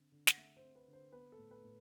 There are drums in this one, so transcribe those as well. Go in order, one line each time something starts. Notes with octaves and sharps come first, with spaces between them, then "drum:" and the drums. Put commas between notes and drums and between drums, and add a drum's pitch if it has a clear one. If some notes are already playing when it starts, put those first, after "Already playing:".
Already playing: D3 C4
D3
F#5, drum: snare
A3 E5
C5
C4
B4
D3
C5
B3 B4
A4
A2
B4
A2